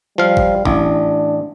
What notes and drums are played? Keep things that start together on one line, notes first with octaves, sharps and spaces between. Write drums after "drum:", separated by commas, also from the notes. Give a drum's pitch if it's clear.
F3 G3 F5
drum: kick G#1
A1 D4, drum: kick G#1